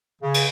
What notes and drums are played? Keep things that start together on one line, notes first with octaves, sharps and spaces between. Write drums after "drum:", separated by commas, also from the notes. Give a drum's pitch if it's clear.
C#3
drum: cymbal